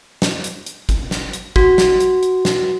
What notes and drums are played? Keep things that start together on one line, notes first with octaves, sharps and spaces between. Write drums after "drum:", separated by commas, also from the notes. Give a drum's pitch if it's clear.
drum: snare
drum: hi-hat
drum: hi-hat
drum: kick G#1, hi-hat
drum: snare
drum: hi-hat
F#4, drum: kick G#1
drum: snare
drum: hi-hat
drum: hi-hat
drum: snare